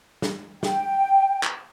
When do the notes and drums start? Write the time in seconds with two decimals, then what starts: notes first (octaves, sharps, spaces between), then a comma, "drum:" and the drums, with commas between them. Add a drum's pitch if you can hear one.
0.22 drum: snare
0.63 G5, drum: snare
1.43 drum: clap